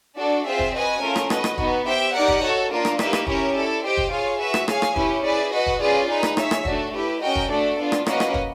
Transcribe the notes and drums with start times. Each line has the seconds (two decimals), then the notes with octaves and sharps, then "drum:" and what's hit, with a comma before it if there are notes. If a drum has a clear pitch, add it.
0.17 D4 F#4 A4 D5
0.45 C4 F4 G#4 C5 E5
0.59 drum: kick
0.74 F#4 B4 D#5 G#5
1.01 A3 C#4 F4 A#4
1.16 drum: rim click
1.30 F#4 B4 D#5, drum: rim click
1.44 drum: rim click
1.58 B3 D#4 F#4, drum: kick
1.86 G4 C5 E5 G5
2.14 D#4 G4 A#4 D5 F#5
2.28 drum: kick
2.42 F#4 A4 C#5
2.71 A#3 D4 F4 A#4
2.85 drum: rim click
2.99 A#3 D#4 G4 B4 E5, drum: rim click
3.13 drum: rim click
3.27 C#4 E4 G4 A#4 C#5, drum: kick
3.56 E4 A4 D5
3.84 G4 C5 D#5 G5
3.97 drum: kick
4.12 F4 G#4 C#5 F5
4.39 F#4 B4 E5
4.54 drum: rim click
4.68 G#4 C#5 F5 G#5, drum: rim click
4.82 drum: rim click
4.96 C#4 E4 G4 B4, drum: kick
5.24 E4 G#4 B4 D5
5.52 F#4 B4 D#5
5.67 drum: kick
5.81 C#4 F4 G#4 B4 D5
6.09 D#4 G#4 B4
6.23 drum: rim click
6.37 G#4 C#5 E5, drum: rim click
6.51 drum: rim click
6.65 A3 D4 F#4, drum: kick
6.93 E4 G4 B4
7.22 C#4 F#4 A#4 D#5 G5
7.36 drum: kick
7.49 A3 D4 F#4 A4 D5
7.78 B3 D4 F4
7.92 drum: rim click
8.06 A#3 C#4 F#4 B4 D#5, drum: rim click
8.20 drum: rim click
8.34 drum: kick